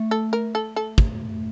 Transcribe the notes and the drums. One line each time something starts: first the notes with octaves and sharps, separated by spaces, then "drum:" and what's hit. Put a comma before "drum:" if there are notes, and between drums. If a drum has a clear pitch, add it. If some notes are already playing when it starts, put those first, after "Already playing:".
Already playing: A3
A4
A#4
A4
A4
drum: kick